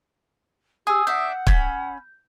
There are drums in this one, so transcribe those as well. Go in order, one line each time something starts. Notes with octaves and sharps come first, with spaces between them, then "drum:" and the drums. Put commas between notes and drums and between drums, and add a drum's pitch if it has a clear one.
G4 G#4 D#6 E6
D4 E5 F#5 G6
C#4 B5 E6, drum: kick